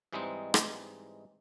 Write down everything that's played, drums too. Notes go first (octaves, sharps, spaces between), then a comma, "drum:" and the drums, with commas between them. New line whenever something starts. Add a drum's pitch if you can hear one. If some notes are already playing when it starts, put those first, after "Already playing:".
G#2 E3 G3 G#3 C4 D#4
drum: rim click